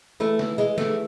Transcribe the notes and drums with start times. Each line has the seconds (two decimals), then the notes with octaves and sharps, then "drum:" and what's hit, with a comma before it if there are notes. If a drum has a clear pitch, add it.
0.20 E3 A3
0.39 drum: snare
0.58 E3 G#3
0.78 A3, drum: snare